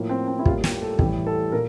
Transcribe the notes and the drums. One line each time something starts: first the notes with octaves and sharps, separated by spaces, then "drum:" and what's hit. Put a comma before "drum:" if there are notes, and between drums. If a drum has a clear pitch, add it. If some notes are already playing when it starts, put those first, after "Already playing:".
Already playing: A2 F3 A#3
C4
C4
E4
A2 G3 A#3 F4, drum: kick
G4, drum: snare
A4
A2 E3 G3 G4, drum: kick
A4
A#2 A#4